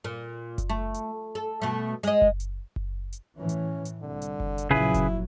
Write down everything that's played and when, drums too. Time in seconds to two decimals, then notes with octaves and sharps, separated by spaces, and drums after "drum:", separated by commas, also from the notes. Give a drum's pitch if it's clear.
0.04 A#2
0.58 drum: kick F#1, hi-hat
0.70 A3
0.94 drum: hi-hat
1.35 A4
1.62 B2 A3
2.03 G#3 D#5, drum: hi-hat
2.22 drum: kick F#1
2.40 drum: hi-hat
2.76 drum: kick F#1
3.13 drum: hi-hat
3.38 A2 E3 C#4
3.49 drum: hi-hat
3.85 drum: hi-hat
4.01 C2 D3
4.22 drum: hi-hat
4.40 drum: kick F#1
4.58 drum: hi-hat
4.70 A#1 C#3 F#3 E4 G#4 B4
4.94 drum: kick F#1, hi-hat